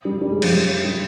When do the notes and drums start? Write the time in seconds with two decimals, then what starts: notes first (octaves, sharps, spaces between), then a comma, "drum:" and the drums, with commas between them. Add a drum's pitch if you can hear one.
0.05 G3
0.22 G3
0.31 G#3
0.42 F3, drum: cymbal
0.53 G3
0.84 G3